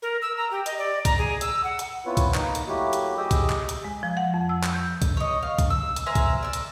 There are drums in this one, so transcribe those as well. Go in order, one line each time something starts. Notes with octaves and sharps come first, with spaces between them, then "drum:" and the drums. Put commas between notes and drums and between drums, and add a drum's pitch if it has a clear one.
A#4
E6
A#5
G4
D#5, drum: hi-hat
D5
A#5, drum: kick, hi-hat
G#4
E6, drum: hi-hat
F#5
drum: hi-hat
B3 C4 E4 F4 B4 C#5
drum: kick, hi-hat
A#3 D#4, drum: clap
drum: hi-hat
F#3 A3 A#3 E4 F#4 G4
drum: hi-hat
G4 G#4 D#5 G5 D#6 E6
drum: kick, hi-hat
drum: clap
drum: hi-hat
G#3
F3
F#5
F2
E6
drum: clap
G6
drum: kick, hi-hat
C#5 D#5
F5
drum: kick, hi-hat
E6
drum: hi-hat
A#4 C5 E5 G#5
drum: kick, hi-hat
D5 E6
drum: hi-hat